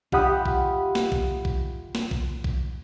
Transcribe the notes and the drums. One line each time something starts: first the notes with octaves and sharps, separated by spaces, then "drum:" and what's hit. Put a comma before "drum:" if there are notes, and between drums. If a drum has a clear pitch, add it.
F4 G4 E5 F#5 B5 D#6, drum: kick A#1
drum: kick A#1
drum: snare
drum: kick A#1
drum: kick A#1
drum: snare
drum: kick A#1
drum: kick A#1